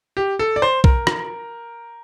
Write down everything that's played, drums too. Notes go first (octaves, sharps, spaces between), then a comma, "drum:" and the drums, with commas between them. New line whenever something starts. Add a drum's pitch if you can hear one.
G4
A4
D5
C5
A#4, drum: kick B1
drum: rim click